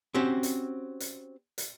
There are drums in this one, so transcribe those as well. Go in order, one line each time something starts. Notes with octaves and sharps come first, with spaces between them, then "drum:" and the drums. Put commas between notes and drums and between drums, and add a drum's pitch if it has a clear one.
C4 C#4 F#4 G4 C5
drum: hi-hat
drum: hi-hat
drum: hi-hat